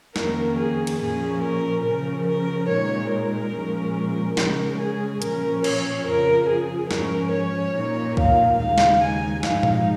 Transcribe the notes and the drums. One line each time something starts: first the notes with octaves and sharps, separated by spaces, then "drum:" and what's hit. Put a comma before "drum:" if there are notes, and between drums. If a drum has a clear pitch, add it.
F2 D#3 A#3 C#4 A#4, drum: snare
G#4
drum: cymbal
A#2 F3 C#4 G#4
A#4
C#3 F3 C#4 A#4
A#4
A#2 G#3 D#4 C#5
A#4
A#2 F3 G#3 C#4
C#3 G#3 C#4 A#4, drum: snare
G#4
A#2 F3 C#4 A#4, drum: hi-hat
C#5, drum: cymbal
F2 C#3 F3 A#4
G#4
G#2 F3 C#4 A#4, drum: snare
C#5
A#2 A#3 D#4
F5, drum: kick C2
D#2 C#3 G#3 D#4 F5
drum: snare
G#5
G#2 F3 G#3 D#4 F5, drum: snare
drum: tom A#2